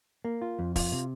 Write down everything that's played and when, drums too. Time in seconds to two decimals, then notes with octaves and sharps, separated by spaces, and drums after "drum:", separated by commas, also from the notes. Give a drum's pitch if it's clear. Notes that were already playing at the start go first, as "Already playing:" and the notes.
0.25 A#3
0.42 F4
0.59 F2
0.76 F4, drum: kick, open hi-hat
0.92 C3